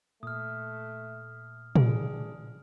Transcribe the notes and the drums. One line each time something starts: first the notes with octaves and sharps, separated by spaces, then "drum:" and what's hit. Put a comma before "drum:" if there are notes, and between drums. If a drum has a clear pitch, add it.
A#2 A3 D#6 F6
D4 G#4, drum: tom